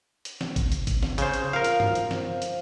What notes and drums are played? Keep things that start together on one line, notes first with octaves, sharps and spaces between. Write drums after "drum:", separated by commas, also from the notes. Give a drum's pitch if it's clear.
drum: hi-hat
drum: snare
drum: kick G#1, hi-hat
drum: hi-hat
drum: kick G#1, hi-hat
drum: snare
C#3 C5, drum: hi-hat
drum: hi-hat
F3 A#4 F5
drum: hi-hat
drum: tom G2
drum: hi-hat
drum: snare
drum: hi-hat